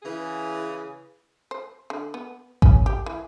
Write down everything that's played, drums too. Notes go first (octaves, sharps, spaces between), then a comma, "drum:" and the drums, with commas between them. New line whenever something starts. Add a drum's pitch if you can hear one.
C#3 E3 G#4
C5
D3
B3
C#4, drum: kick A1
G4
E3